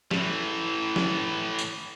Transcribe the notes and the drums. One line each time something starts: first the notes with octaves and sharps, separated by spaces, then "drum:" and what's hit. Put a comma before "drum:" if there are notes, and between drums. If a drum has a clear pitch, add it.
A2 E3, drum: snare
drum: snare
drum: tambourine